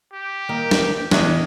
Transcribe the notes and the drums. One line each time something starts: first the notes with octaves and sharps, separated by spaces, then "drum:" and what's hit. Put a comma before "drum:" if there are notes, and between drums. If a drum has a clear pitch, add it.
G4
D#3 G3 A#3
drum: snare
E2 A2 E4 D#5 F#6, drum: snare